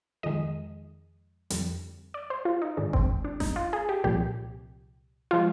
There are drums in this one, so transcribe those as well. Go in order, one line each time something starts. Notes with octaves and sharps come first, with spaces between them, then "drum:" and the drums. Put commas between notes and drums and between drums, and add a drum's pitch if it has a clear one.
F2 D#3 G#3 D#5
F2 D3 G3, drum: hi-hat
D5
C5
F4
D#4
G#2 D#3 G#3 D4
C4, drum: kick G1
D4
D#4, drum: snare G1
F4
G#4
G4
C2 A#2 F3 G4
F3 G#3 F4